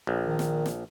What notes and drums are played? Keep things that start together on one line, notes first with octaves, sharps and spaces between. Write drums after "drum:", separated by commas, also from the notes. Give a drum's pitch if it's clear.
A#1
D#3
drum: snare
drum: snare